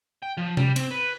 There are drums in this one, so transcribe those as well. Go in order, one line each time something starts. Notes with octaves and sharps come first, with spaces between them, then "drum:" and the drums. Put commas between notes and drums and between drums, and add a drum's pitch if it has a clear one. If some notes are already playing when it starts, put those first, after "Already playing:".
G5
F3
G3, drum: tom C3
C4, drum: cymbal
B4